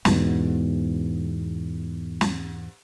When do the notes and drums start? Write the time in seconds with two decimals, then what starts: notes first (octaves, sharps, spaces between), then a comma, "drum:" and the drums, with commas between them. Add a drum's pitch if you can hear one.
0.05 E2 G#2 B2, drum: snare
2.21 drum: snare